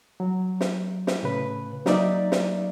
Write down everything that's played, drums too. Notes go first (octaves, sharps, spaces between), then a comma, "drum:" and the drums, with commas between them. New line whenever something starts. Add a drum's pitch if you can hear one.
F#3
drum: snare
drum: snare
A2 C#3 B4
F#3 A#3 D#4 D5 E5, drum: snare
drum: snare